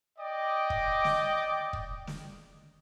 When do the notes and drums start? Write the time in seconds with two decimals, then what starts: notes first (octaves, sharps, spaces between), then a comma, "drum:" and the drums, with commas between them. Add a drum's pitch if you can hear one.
0.19 D5 D#5 G5 D6
0.70 drum: kick
1.04 drum: snare
1.73 drum: kick
2.07 drum: snare